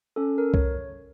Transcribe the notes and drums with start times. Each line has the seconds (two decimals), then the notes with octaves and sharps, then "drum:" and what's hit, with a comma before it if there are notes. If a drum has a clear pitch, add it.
0.16 C#4 A4
0.38 A#4
0.54 C#5, drum: kick C2